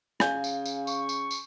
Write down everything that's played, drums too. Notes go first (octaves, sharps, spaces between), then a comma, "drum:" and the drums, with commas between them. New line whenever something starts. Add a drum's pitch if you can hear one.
C#3 F5 G#5 G6, drum: rim click
drum: tambourine
drum: tambourine
C#6, drum: tambourine
drum: tambourine
drum: tambourine